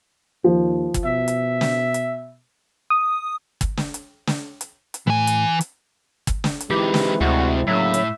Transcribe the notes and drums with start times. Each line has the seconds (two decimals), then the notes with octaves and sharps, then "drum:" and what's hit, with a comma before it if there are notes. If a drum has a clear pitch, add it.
0.44 D#2 F3
0.94 drum: kick, hi-hat
1.05 B2 E5
1.28 drum: hi-hat
1.61 drum: snare
1.94 drum: hi-hat
2.90 D#6
3.61 drum: kick, hi-hat
3.77 drum: snare
3.94 drum: hi-hat
4.27 drum: snare
4.61 drum: hi-hat
4.94 drum: hi-hat
5.07 A2 E3 G#5
5.27 drum: hi-hat
5.61 drum: hi-hat
6.27 drum: kick, hi-hat
6.44 drum: snare
6.61 drum: hi-hat
6.70 E3 G#3 C4 D#4 E4 G4 B4
6.94 drum: snare
7.21 D2 C3 G3 F#4
7.67 D2 A2 C#3 F#3 A#3 E5
7.94 drum: hi-hat